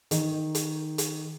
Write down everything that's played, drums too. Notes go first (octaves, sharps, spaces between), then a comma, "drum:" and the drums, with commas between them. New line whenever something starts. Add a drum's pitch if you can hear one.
D#3, drum: hi-hat
drum: hi-hat
drum: hi-hat